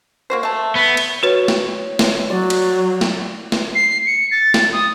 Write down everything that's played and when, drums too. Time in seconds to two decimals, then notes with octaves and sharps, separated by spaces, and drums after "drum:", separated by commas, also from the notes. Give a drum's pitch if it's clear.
0.30 A#3 F#4 C5
0.43 A3 A5
0.75 B3
0.97 drum: cymbal
1.23 F#4 B4 C#5
1.48 drum: snare
1.99 drum: snare
2.30 F#3 D5
2.50 drum: cymbal
3.01 drum: snare
3.52 drum: snare
3.75 C7
4.06 C#7
4.31 A6
4.54 drum: snare
4.73 D#6